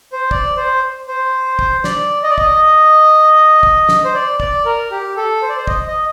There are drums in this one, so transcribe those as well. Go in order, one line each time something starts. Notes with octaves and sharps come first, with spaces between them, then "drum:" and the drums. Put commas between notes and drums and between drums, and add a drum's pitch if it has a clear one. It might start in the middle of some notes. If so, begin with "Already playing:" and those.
C5
D5, drum: kick
C5
C5
drum: kick
D5, drum: snare
D#5
D5
D#5, drum: kick
drum: kick
drum: snare
C5
D5
D5, drum: kick
A#4
G4
A4
C5
D5
C5
D#5, drum: kick
D#5